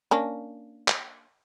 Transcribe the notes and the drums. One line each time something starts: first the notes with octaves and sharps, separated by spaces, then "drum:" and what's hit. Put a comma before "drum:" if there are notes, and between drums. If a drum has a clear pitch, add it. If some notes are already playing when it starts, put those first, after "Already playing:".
A#3 C#4 D4
drum: clap